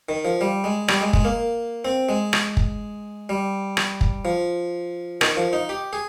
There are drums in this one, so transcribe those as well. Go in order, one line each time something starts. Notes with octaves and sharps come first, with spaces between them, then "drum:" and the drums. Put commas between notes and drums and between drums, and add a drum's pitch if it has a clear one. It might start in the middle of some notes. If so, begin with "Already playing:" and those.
D#3
F3
G3
G#3
G3, drum: rim click
G#3
G#3, drum: kick
A#3
C4
G#3
drum: rim click
drum: kick
G3
drum: rim click
drum: kick
F3
D#3, drum: rim click
F3
D#4
G4
G#4